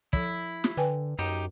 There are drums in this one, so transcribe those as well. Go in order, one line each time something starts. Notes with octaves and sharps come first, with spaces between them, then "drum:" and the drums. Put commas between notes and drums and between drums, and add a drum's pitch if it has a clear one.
F3 E4 A4, drum: kick
drum: snare
D3 B4 G5 G#5
F#2 D#4 G4